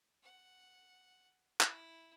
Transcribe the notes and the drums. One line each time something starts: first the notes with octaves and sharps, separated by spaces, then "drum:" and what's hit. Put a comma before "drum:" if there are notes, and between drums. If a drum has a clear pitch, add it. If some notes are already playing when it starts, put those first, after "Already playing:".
F#5
E4, drum: clap